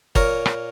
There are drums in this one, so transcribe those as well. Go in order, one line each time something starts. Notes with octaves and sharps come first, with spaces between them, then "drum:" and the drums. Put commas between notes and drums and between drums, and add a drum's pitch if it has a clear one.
A#2 A#4 C#5, drum: kick
drum: rim click